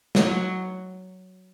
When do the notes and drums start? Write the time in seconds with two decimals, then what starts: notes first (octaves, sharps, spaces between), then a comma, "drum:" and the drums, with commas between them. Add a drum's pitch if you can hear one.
0.15 F#3, drum: snare